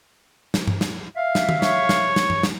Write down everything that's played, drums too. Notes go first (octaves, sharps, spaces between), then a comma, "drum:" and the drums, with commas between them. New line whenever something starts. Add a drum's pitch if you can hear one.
drum: snare
drum: tom G2
drum: snare
E5 F5
drum: snare
drum: tom
C#5, drum: snare
drum: snare
drum: snare
drum: tom G2
drum: snare